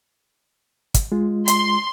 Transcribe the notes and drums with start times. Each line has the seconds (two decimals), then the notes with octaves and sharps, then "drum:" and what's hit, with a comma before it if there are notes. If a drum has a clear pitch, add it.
0.94 drum: kick, hi-hat
1.12 G#3 F4
1.48 C6, drum: hi-hat